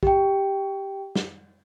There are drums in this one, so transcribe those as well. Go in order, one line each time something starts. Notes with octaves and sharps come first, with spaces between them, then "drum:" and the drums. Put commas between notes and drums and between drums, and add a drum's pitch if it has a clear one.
G4 G5, drum: kick B1
drum: snare